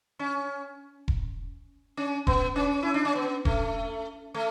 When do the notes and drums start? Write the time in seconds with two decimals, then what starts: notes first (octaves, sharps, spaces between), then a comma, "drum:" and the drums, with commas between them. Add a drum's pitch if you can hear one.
0.19 C#4
1.08 drum: kick E1
1.97 C#4
2.27 B3, drum: kick E1
2.56 C#4
2.83 E4
2.94 D4
3.05 C#4
3.15 B3
3.45 A3, drum: kick E1
4.34 A3